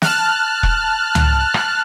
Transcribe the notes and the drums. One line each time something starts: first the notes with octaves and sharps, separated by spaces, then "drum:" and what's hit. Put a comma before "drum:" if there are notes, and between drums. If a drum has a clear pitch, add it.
A5 F6 F#6, drum: snare
drum: kick E1
drum: tom
drum: rim click